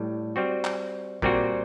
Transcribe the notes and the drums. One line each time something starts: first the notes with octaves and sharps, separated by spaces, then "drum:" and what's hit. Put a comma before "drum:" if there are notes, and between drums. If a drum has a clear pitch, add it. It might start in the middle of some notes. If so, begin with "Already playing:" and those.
Already playing: A2 G3
G3 C4 F#4
drum: clap
A#2 G3 C4 F#4, drum: kick